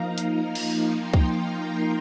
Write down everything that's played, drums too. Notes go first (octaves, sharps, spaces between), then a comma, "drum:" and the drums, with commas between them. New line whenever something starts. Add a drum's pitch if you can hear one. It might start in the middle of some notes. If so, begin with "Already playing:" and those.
Already playing: F3 A#3 D#4 F5 A#5
drum: hi-hat
drum: cymbal
G5 C6
drum: kick C2
F5 A#5
A#4